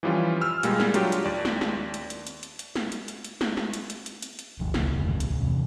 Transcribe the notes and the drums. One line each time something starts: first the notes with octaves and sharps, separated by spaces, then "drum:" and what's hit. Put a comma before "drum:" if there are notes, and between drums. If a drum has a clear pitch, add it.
E3 F3 G3 C#4 F4
E6 F6
A#2 G3 G#3 A#3, drum: hi-hat
drum: snare
F#3 G3 D4 F4 G4, drum: hi-hat
drum: hi-hat
D#2 D5
drum: snare
drum: snare
drum: hi-hat
drum: hi-hat
drum: hi-hat
drum: hi-hat
drum: hi-hat
drum: snare
drum: hi-hat
drum: hi-hat
drum: hi-hat
drum: snare
drum: snare
drum: hi-hat
drum: hi-hat
drum: hi-hat
drum: hi-hat
drum: hi-hat
G1 D2 F3
C#2, drum: snare
F1 G#2 D3 A3
D1 C2 D#3
drum: hi-hat
E2 C3